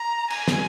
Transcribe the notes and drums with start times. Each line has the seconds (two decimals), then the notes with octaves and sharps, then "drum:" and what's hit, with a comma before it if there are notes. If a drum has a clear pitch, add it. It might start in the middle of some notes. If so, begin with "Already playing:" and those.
Already playing: A#5
0.30 G#5, drum: cymbal
0.48 drum: snare